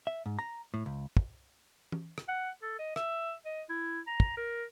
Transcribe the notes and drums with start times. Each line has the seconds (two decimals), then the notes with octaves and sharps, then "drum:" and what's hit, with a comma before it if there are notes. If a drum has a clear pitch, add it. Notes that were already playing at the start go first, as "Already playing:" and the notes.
0.07 E5
0.26 G#2
0.39 A#5
0.74 A2
0.86 C#2
1.17 drum: kick
1.92 drum: tom
2.18 drum: rim click
2.29 F#5
2.62 A4
2.79 D#5
2.96 E5, drum: rim click
3.45 D#5
3.69 E4
4.07 A#5
4.20 drum: kick
4.37 A#4